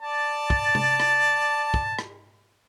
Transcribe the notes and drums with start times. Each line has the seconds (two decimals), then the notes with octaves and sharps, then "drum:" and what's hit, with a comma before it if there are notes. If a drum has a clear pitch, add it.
0.01 D5 A5
0.50 drum: kick
0.75 drum: tom C3
1.00 drum: rim click
1.74 drum: kick
1.99 drum: rim click